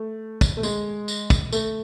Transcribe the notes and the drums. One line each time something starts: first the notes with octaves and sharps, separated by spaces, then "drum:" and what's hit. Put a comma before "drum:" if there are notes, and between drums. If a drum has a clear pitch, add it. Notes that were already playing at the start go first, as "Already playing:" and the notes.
Already playing: A3
drum: kick, tambourine
A3
G#3, drum: tambourine
drum: tambourine
drum: kick, tambourine
A3, drum: tambourine